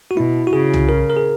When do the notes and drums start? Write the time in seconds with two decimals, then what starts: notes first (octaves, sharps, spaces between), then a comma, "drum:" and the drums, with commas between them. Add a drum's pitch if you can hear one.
0.11 F#4
0.16 B2 E4
0.47 F#4
0.53 C#3 G#4
0.74 drum: tom C2
0.89 A#4
1.10 A#4
1.16 G#4